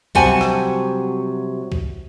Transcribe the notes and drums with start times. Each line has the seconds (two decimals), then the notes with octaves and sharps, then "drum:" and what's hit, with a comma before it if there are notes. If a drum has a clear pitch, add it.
0.15 C3 F#3 G3 F#5 G#5 A5, drum: kick
0.41 drum: rim click
1.72 drum: kick